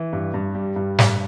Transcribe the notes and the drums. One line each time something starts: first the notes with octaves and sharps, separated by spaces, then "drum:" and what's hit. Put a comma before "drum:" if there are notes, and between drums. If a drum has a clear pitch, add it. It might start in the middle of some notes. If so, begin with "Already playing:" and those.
Already playing: E3
G2
G2
G3
G2
G2, drum: snare